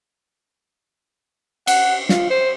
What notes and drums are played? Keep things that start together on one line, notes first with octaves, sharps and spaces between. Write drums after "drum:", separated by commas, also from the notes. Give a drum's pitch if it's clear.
F#5, drum: cymbal
F4, drum: snare
C5